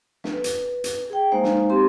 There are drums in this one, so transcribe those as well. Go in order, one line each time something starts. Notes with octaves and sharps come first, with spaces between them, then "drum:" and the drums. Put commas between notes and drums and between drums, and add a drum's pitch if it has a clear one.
B4, drum: snare
drum: hi-hat
drum: hi-hat
G#4 G5
G#3 A#3 D#4 C5 F5
drum: snare
C4 G4 C6